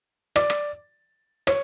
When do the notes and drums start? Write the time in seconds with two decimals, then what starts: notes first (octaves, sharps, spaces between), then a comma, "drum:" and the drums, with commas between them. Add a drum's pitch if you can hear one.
0.36 D5, drum: rim click
0.50 drum: rim click
1.47 C#5, drum: rim click